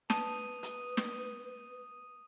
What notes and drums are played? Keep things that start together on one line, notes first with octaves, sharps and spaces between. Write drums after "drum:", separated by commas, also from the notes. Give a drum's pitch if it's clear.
B4 A5 D#6 D#7, drum: snare
drum: hi-hat
drum: snare